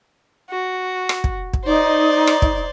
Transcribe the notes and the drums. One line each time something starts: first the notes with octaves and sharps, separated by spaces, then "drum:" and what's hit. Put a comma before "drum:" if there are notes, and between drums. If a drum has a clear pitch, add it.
F#4
drum: rim click
drum: kick
drum: kick
D#4 C5 D5
drum: rim click
drum: kick